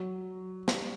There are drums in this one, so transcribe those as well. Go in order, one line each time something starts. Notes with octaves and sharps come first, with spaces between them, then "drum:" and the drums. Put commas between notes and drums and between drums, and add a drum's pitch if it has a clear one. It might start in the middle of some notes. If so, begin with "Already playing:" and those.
Already playing: F#3
G3, drum: snare